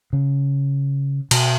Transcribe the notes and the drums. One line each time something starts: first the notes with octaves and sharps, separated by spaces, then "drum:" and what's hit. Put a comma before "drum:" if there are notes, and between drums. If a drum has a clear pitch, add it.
C#3
B2, drum: cymbal